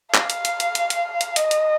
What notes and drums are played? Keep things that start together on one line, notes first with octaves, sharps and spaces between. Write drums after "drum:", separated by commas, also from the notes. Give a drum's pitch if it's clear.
F5, drum: clap
drum: hi-hat
drum: hi-hat
drum: hi-hat
drum: hi-hat
drum: hi-hat
drum: hi-hat
D#5, drum: hi-hat
drum: hi-hat